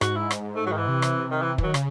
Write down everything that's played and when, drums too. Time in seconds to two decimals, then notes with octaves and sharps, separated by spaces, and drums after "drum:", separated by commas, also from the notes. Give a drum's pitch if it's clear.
0.01 G#2 F#4, drum: rim click
0.16 E4
0.31 drum: rim click
0.56 A3
0.66 F#3
0.72 D#3
0.77 E3
0.88 C3
1.02 drum: rim click
1.31 D#3
1.42 E3
1.58 E3, drum: kick
1.63 D#3 F#3
1.74 C#3, drum: rim click